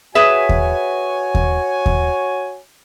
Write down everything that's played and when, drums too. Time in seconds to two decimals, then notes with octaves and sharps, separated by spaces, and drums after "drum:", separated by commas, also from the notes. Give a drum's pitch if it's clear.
0.15 F#4 G#4 B4 C#5 E5 G#5
0.49 drum: kick D#2
1.35 drum: kick D#2
1.86 drum: kick D#2